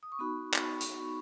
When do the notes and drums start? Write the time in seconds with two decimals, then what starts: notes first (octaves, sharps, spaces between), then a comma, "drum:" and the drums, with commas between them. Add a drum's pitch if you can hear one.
0.03 D#6
0.12 C#6
0.19 B3 D#4 F#4 B5
0.54 drum: clap
0.81 C#6, drum: hi-hat